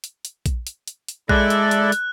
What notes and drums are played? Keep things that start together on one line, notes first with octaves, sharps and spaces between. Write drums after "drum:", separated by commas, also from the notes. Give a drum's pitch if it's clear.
drum: hi-hat
drum: hi-hat
drum: kick A#1, hi-hat
drum: hi-hat
drum: hi-hat
drum: hi-hat
G#3 E4 A4 D5 F#6, drum: kick A#1
drum: hi-hat
drum: hi-hat
drum: hi-hat